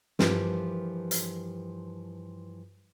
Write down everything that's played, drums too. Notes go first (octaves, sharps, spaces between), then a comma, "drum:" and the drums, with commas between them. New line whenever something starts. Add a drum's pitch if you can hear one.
G2 E3 F3 A#3 G4, drum: snare
drum: hi-hat